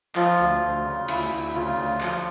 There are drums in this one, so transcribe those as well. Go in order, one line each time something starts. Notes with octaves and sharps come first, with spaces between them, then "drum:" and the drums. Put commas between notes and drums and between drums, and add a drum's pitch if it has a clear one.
F3 F4, drum: clap
D2
D2
C#3
D2 E4, drum: cymbal
D2
C#3 F4
D2
F3, drum: clap